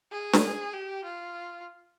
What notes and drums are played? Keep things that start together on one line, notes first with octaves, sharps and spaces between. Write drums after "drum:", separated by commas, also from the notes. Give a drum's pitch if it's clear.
G#4
drum: snare D4
G4
F4